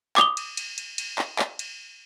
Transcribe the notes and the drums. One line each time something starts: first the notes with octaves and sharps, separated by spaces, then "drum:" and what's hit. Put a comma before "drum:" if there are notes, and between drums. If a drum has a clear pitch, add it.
D6 D#6 F7 G7, drum: clap
drum: cymbal
drum: cymbal
drum: cymbal
drum: cymbal
drum: clap
drum: clap
drum: cymbal